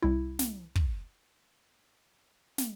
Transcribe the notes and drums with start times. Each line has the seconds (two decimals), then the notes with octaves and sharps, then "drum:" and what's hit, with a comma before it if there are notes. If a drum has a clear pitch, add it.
0.02 C2 E4
0.39 drum: snare
0.76 drum: kick
2.58 drum: snare